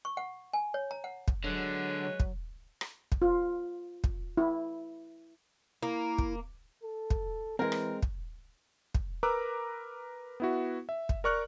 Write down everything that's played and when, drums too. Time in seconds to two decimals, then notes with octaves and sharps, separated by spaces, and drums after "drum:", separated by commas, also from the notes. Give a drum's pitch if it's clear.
0.05 C#6
0.17 F#5
0.53 G#5
0.74 C#5
0.91 A#5
1.04 F#5
1.28 drum: kick
1.44 D3 F#3 G#3 B4 C#5
2.20 drum: kick
2.81 drum: rim click
3.12 drum: kick
3.22 F4
4.04 drum: kick
4.37 E4
5.83 A#3 E4
6.18 drum: kick
6.83 A4
7.10 drum: kick
7.59 E3 G#3 C4 A#4
7.72 drum: rim click
8.02 drum: kick
8.95 drum: kick
9.23 A#4 B4 A#5 D6 E6 F#6
10.40 B3 E4 F#4
10.89 E5
11.09 drum: kick
11.24 A#4 D5 C#6 F6 F#6